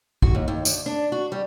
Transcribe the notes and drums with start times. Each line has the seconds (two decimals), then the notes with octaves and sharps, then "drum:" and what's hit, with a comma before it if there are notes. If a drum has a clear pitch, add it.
0.22 F#4, drum: kick
0.35 D#2
0.48 D#2
0.65 D2, drum: tambourine
0.86 D4
1.12 F#4
1.32 G3